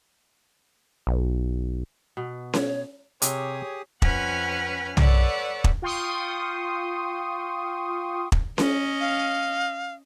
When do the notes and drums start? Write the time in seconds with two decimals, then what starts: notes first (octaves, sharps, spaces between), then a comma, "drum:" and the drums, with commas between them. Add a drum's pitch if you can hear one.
1.07 B1
2.17 B2
2.53 C#5, drum: snare C#4
3.22 C3 G4 G#4 C#5 D#6, drum: hi-hat
4.02 F2 C#4 B4 F#5 G#5 F6, drum: kick
4.97 A4 B4 C#5 D5 F#5, drum: tom
5.64 drum: kick
5.82 F4 G5 C6 C#6 D#6
8.32 drum: kick
8.58 C#4 D#5, drum: snare C#4
9.00 F5